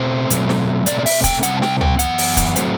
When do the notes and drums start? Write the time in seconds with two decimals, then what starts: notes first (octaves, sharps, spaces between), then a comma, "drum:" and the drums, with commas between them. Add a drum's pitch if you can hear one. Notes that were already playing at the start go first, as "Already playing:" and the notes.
Already playing: B2 A3 C4 C5
0.30 B2 F#3 A3 C4, drum: hi-hat
0.49 drum: snare
0.86 B2 A3 C4 D5, drum: hi-hat
0.99 D5
1.06 E5, drum: open hi-hat
1.24 G5, drum: kick, hi-hat
1.43 C3 G3 C4 F#5, drum: hi-hat
1.57 A5
1.62 G5, drum: snare
1.81 G5, drum: tom
1.99 F#2 E3 B3 F#5, drum: hi-hat
2.18 drum: open hi-hat
2.37 drum: kick, hi-hat
2.56 F#3 A3 C4, drum: hi-hat